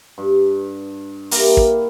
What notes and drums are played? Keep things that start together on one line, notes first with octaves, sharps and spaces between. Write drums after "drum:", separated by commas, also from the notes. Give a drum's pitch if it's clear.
G2
A#3 E4 G4 A#4, drum: open hi-hat
drum: kick